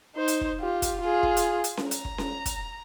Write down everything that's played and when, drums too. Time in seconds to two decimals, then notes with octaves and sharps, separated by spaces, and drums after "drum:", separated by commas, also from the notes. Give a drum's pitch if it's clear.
0.16 D#4 C5
0.28 drum: hi-hat
0.41 drum: kick
0.60 F4 G4
0.82 drum: kick, hi-hat
1.01 F4 G#4
1.23 drum: kick
1.37 drum: hi-hat
1.64 drum: hi-hat
1.77 drum: snare C#4
1.91 A#5, drum: hi-hat
2.05 drum: kick
2.18 drum: snare C#4
2.46 drum: kick, hi-hat